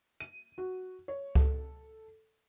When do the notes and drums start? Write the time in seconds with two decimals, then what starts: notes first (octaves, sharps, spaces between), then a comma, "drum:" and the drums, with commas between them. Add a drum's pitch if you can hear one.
0.20 D#7
0.58 F#4
1.08 C#5
1.35 A4, drum: kick C#2